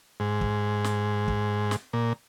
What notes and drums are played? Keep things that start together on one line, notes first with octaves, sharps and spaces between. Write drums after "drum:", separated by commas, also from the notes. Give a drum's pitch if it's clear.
G#2
drum: kick
drum: snare
drum: kick
drum: snare
A#2